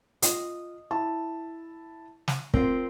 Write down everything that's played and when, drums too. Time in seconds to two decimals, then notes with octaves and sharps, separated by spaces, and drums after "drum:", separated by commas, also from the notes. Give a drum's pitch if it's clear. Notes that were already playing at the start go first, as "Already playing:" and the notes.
0.22 F4 D#5, drum: hi-hat
0.91 E4 A5
2.28 drum: snare
2.54 C4 F4 A#4, drum: kick